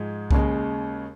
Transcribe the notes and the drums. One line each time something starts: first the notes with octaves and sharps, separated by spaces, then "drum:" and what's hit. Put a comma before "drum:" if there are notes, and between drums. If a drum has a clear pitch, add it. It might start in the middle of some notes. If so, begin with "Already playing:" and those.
Already playing: G#2 F3 G#3
D#2 C#3 G#3, drum: kick C2